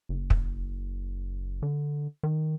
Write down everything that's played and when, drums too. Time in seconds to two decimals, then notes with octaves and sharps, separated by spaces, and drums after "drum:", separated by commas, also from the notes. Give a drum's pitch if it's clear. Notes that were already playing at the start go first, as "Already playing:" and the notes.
0.09 F#1
0.30 drum: kick
1.62 D3
2.23 D#3